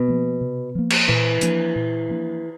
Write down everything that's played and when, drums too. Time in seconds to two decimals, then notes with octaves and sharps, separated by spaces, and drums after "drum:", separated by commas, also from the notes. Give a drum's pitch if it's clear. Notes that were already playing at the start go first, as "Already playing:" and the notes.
Already playing: B2
0.08 F3 A#3
0.41 C3
0.75 F3 A#3
0.90 drum: cymbal
1.08 A#2 E3
1.41 F3 A#3 D4, drum: hi-hat
1.76 A#2
2.08 F3 A#3 D4